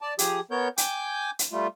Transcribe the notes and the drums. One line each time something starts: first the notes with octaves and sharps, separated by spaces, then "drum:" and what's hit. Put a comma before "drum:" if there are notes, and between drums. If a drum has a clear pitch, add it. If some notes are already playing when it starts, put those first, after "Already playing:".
D5 A5
F3 G4 G#4 D#6, drum: hi-hat
B3 A#4 C#5 G6
G5 G#5 D6 G6, drum: hi-hat
drum: hi-hat
G3 A3 F4